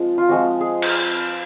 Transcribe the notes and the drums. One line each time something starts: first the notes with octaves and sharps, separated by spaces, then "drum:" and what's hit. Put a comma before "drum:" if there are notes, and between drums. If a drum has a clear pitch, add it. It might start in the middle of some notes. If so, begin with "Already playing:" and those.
Already playing: F3 G#3 C4
F4
F3 G#3 C4 F#4
G#4
drum: cymbal